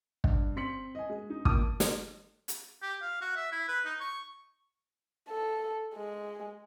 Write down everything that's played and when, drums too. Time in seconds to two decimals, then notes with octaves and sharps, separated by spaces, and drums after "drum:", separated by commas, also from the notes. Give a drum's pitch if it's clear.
0.24 G2, drum: kick
0.56 C4 C6 B6 C#7 F#7
0.95 D#5 G#5
1.10 G#3
1.30 D#4
1.45 A#2 D#3 A5 D6 D#6, drum: kick
1.80 drum: snare
2.48 drum: hi-hat
2.82 G4
3.02 F5
3.21 F#4
3.36 E5
3.52 E4
3.68 B4
3.85 D#4
4.00 C#6
5.29 A4
5.94 G#3